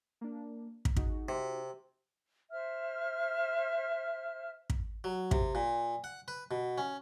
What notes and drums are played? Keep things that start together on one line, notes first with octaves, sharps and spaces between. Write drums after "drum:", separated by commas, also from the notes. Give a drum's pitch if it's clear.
A#3 D4
drum: kick
D#4 F#4 G#4, drum: kick
C3
C5 E5 F6
drum: kick
F#3
C3, drum: kick
A#2
F#5
B4
B2
C#4